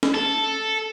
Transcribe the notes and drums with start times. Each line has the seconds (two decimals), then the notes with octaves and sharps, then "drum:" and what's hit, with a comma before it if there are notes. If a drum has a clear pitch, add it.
0.03 drum: snare
0.15 A4